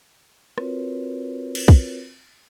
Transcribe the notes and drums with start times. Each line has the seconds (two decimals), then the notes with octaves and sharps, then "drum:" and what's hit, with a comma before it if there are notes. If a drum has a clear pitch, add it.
0.58 C4 F4 F#4 A#4 B4 C#5, drum: rim click
1.55 drum: cymbal
1.68 drum: kick